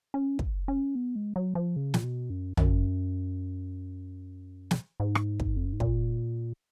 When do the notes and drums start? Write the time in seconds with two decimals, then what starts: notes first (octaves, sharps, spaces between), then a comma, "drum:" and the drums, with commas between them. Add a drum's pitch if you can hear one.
0.14 C#4
0.39 drum: kick
0.68 C#4
0.95 B3
1.15 G#3
1.36 F#3
1.55 F3
1.76 C#3
1.94 A#2, drum: snare
2.04 B2
2.30 F#2
2.57 F#2, drum: tom
4.71 drum: snare
5.00 G#2
5.15 drum: rim click
5.40 drum: kick
5.57 F2
5.65 F#2
5.73 G#2
5.80 A#2, drum: kick